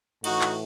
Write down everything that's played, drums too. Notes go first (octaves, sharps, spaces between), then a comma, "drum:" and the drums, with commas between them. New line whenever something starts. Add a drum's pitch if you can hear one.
A2 E3 D#4 F#4, drum: cymbal
drum: clap